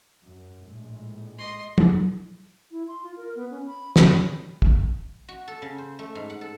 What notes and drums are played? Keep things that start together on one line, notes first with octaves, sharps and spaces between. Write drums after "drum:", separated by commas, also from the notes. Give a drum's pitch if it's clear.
F#2
A#1 A2 G#3
D#5 C6
drum: tom
E4
C6
F4
A#4
B3
C#4
B5
B5, drum: snare
drum: kick
F#4
A4
C#3
C5
A3
G#2
F#5
A4